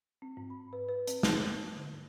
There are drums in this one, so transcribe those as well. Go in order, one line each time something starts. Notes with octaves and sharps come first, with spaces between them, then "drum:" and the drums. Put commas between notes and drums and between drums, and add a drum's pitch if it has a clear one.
C4
G#2
B5
B4
B4
C4, drum: hi-hat
A5, drum: snare
A#3
D3
G#2